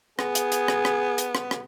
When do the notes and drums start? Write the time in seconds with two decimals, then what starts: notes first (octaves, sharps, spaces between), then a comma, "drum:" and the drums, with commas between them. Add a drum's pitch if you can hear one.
0.19 B3 G#4, drum: rim click
0.35 drum: hi-hat
0.52 drum: hi-hat
0.68 drum: rim click
0.85 drum: rim click
1.18 drum: hi-hat
1.35 drum: rim click
1.51 drum: rim click